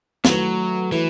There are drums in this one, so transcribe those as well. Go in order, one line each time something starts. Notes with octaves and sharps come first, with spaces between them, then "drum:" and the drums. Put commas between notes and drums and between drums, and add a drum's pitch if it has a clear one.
D#3 F#3 A3 E4 B4, drum: snare
E3 F#3 A3 E4 B4